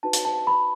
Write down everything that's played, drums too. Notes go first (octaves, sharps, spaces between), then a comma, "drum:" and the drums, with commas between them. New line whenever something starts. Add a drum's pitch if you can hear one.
D#4 F#4 B4 A5
drum: hi-hat
A5
B5